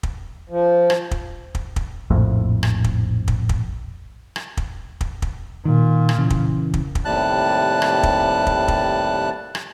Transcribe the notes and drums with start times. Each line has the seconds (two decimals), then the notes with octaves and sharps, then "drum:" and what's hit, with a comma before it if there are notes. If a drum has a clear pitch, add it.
0.03 drum: kick
0.50 F3
0.90 drum: rim click
1.11 drum: kick
1.55 drum: kick
1.76 drum: kick
2.10 A#1 F2 A2
2.63 drum: rim click
2.84 drum: kick
3.28 drum: kick
3.49 drum: kick
4.36 drum: rim click
4.57 drum: kick
5.01 drum: kick
5.22 drum: kick
5.65 A#2 D#3
6.09 drum: rim click
6.18 C#3 E3
6.30 drum: kick
6.74 drum: kick
6.95 drum: kick
7.05 D#2 A2 C3 G3 A5 F#6
7.82 drum: rim click
8.03 drum: kick
8.47 drum: kick
8.68 drum: kick
9.55 drum: rim click